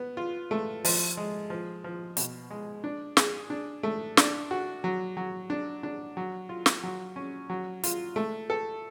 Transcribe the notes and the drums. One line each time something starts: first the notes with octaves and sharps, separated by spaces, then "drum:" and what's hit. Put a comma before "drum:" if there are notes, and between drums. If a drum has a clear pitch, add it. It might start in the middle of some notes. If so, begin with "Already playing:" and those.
Already playing: B3
F4
A3
F3, drum: open hi-hat
G#3
F3
F3
B2, drum: hi-hat
G#3
D4
G#4, drum: snare
D4
A3
D4, drum: snare
F#4
F#3
F#3
D4
D4
F#3
F4
drum: snare
F#3
C#4
F#3
F4, drum: hi-hat
A3
A4